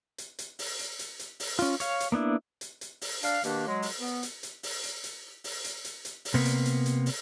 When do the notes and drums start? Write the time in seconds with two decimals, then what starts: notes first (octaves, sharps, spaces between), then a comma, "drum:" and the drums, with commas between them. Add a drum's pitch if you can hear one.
0.18 drum: hi-hat
0.39 drum: hi-hat
0.59 drum: open hi-hat
0.79 drum: hi-hat
0.99 drum: hi-hat
1.19 drum: hi-hat
1.40 drum: open hi-hat
1.59 C#4 F4, drum: hi-hat
1.80 C#5 F5, drum: hi-hat
2.00 drum: hi-hat
2.12 A#3 B3 D4 E4
2.61 drum: hi-hat
2.81 drum: hi-hat
3.01 drum: open hi-hat
3.23 D4 F5, drum: hi-hat
3.44 B2 D#3 A#3 D4 G4, drum: hi-hat
3.67 F#3 G#3
3.82 drum: open hi-hat
3.99 B3
4.23 drum: hi-hat
4.43 drum: hi-hat
4.63 drum: open hi-hat
4.83 drum: hi-hat
5.04 drum: hi-hat
5.44 drum: open hi-hat
5.64 drum: hi-hat
5.85 drum: hi-hat
6.05 drum: hi-hat
6.25 drum: open hi-hat
6.34 C3 A#3 B3
6.45 drum: hi-hat
6.65 drum: hi-hat
6.86 drum: hi-hat
7.06 drum: open hi-hat